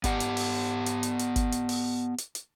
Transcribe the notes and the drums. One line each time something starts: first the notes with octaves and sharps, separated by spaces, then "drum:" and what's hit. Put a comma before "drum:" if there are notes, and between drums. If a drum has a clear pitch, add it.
B3 G4 F#5, drum: kick G1, hi-hat
drum: hi-hat
drum: open hi-hat
drum: hi-hat
drum: hi-hat
drum: hi-hat
drum: kick G1, hi-hat
drum: hi-hat
drum: open hi-hat
drum: hi-hat
drum: hi-hat